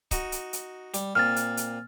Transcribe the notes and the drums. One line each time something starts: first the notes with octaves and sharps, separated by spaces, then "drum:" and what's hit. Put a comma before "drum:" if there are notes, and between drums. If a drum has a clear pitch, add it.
D#4 F#4, drum: kick C#1, hi-hat
drum: hi-hat
drum: hi-hat
G3, drum: hi-hat
A#2 C4 F6 A6
drum: hi-hat
drum: hi-hat